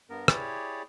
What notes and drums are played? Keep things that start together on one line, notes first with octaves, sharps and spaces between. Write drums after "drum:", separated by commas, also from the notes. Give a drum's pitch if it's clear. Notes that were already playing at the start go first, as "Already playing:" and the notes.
G2 B3 A#4
E4 G4 G#4 C#5 D5, drum: rim click